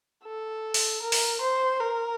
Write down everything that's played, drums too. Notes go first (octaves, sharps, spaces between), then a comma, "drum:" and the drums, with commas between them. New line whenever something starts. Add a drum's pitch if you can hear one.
A4
drum: open hi-hat
A#4
drum: open hi-hat
C5
A#4